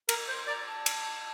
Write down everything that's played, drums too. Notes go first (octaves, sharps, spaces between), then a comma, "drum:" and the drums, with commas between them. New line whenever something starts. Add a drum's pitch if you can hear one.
A#4 A#5, drum: cymbal
C5 C6
D5 A#5
A5
drum: cymbal